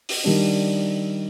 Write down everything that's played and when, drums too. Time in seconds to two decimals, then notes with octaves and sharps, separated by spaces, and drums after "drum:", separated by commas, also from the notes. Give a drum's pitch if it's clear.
0.09 drum: open hi-hat
0.24 D#3 G3 D4